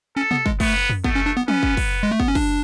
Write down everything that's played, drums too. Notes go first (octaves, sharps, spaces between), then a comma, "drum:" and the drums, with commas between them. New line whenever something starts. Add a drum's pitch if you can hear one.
C#4 A4
B3, drum: tom
G#3, drum: kick
A3 B3, drum: kick, open hi-hat
drum: tom
A3 B3, drum: kick
C#4
D4
B3
B3 C#4, drum: tom
drum: kick
drum: kick, open hi-hat
G#3
A3
B3, drum: kick
C#4
D4, drum: kick, open hi-hat